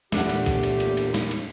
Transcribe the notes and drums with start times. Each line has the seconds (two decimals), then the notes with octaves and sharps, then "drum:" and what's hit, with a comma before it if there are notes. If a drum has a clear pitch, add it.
0.12 E2 A#2 D3 A3 D4 G4 F#5, drum: snare
0.29 drum: cymbal
0.46 drum: kick B1, cymbal
0.63 drum: cymbal
0.80 drum: cymbal
0.97 drum: cymbal
1.14 drum: snare
1.31 drum: cymbal